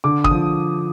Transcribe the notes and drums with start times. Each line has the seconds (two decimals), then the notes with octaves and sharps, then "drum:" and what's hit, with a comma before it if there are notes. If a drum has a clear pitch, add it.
0.04 D3 D6
0.24 D#6, drum: kick
0.31 F3